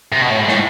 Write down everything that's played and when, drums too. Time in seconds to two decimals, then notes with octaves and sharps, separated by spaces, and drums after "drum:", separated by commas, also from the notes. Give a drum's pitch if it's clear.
0.12 C3
0.22 B2
0.30 A2
0.39 G#2
0.48 A2, drum: snare